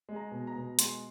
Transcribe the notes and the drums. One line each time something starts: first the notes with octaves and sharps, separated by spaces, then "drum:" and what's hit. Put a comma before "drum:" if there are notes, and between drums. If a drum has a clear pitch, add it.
G#3
A#5
B2
A#5
B2
G#3 C6, drum: hi-hat